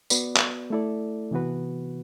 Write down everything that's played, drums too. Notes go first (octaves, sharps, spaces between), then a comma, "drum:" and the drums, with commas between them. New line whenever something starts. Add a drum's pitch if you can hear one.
B3 F#4 B4 D5, drum: tambourine
drum: clap
A3 E4 A4 D5
C3 E3 B3 F#4 B4